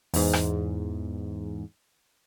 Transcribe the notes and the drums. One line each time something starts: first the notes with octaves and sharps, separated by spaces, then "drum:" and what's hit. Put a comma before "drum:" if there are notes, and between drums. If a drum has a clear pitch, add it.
E2 G#2, drum: open hi-hat
drum: rim click